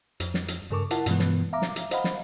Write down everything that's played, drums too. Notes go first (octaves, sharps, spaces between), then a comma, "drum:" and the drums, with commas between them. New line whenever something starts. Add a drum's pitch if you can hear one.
F2, drum: hi-hat
drum: snare
drum: hi-hat
G2 C#3 A4 A#4 C#6 D6
E4 F4 A#4 F#5 A5, drum: hi-hat
G2 B2 E3 G#3 B3, drum: hi-hat
drum: snare
E5 F5 A#5 D6
drum: snare
drum: hi-hat
C5 D#5 F5 F#5 A#5 B5, drum: hi-hat
drum: snare